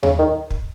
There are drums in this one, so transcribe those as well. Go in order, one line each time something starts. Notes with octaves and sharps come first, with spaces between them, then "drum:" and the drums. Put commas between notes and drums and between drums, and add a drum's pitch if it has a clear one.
C#3, drum: tom D#2
D#3
drum: kick